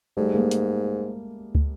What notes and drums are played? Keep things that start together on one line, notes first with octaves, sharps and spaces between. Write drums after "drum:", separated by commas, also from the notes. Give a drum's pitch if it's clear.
G#2 G3 A3
G#3 A#3
drum: hi-hat
drum: kick